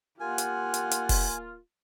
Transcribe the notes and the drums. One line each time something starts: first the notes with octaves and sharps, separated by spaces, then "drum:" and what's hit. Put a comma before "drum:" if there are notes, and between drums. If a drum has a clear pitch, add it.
A#3 F4 G4 F#5 G#5
drum: hi-hat
drum: hi-hat
drum: hi-hat
drum: kick, open hi-hat